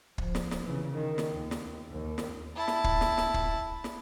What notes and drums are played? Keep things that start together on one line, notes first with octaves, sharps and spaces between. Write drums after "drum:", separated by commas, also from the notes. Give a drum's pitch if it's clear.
F3, drum: kick
drum: snare
drum: snare
C#3 E3
D#3
drum: snare
D#2
drum: snare
D#2
drum: snare
E4 A5
drum: snare
drum: kick
drum: snare
drum: snare
drum: kick
drum: snare